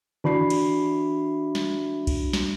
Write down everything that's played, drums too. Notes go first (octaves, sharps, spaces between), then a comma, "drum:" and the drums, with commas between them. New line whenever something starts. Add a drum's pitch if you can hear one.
E3 D4 F#4 D5 B5 C7
drum: cymbal
drum: snare
drum: kick C2, cymbal
drum: snare